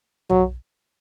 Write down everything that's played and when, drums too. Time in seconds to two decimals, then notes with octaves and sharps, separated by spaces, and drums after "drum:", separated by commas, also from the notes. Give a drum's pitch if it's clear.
0.29 F#3, drum: tom B1